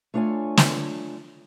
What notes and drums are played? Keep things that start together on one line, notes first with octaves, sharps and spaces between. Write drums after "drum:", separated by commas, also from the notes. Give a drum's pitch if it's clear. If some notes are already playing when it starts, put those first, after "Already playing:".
A3 D4 F4 C#5 G#5
drum: snare